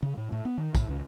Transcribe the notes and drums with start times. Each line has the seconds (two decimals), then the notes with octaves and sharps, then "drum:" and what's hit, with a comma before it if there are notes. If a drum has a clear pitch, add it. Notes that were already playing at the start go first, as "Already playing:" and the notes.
0.03 C#3
0.17 A2
0.32 A2
0.45 B3
0.58 D#3
0.75 A2, drum: kick, tambourine
0.89 C#2